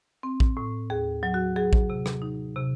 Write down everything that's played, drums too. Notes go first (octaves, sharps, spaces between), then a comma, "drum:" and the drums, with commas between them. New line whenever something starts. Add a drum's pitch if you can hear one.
C4
drum: kick
A2
D#2 G#4
F#3
F#4
F#3 G#4
drum: kick
C3
drum: rim click
D#4
C3